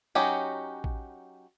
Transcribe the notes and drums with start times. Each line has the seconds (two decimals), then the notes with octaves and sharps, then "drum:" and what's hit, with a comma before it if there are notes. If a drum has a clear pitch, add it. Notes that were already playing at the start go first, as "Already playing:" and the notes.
0.15 F#3 C#4 D#4 F#4 G4
0.84 drum: kick A1